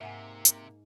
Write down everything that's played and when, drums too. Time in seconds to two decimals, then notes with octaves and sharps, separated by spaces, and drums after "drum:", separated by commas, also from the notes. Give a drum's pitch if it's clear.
0.01 G#2 C3 A#3 E5 F#5 G#5
0.45 drum: hi-hat